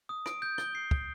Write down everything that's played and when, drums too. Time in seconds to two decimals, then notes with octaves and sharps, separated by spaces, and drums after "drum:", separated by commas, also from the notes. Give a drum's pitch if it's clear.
0.09 D#6
0.26 D7, drum: rim click
0.42 G6
0.58 G7, drum: rim click
0.75 C7
0.91 G7, drum: kick